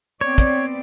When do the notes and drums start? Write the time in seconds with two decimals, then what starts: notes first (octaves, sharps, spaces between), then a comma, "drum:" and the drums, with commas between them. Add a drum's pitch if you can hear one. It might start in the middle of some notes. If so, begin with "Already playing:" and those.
0.21 B3 C4 C#5 D5
0.38 drum: kick, hi-hat